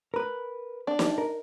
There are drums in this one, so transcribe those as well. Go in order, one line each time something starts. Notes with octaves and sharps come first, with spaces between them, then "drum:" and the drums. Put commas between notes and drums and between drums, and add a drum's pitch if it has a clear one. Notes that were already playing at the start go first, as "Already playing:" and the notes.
A#4 B4
D4
drum: snare
A#4